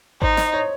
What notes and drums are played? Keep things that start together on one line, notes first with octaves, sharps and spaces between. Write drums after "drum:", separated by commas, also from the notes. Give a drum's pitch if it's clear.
D#4 C5, drum: kick G#1
D#5, drum: snare
C#5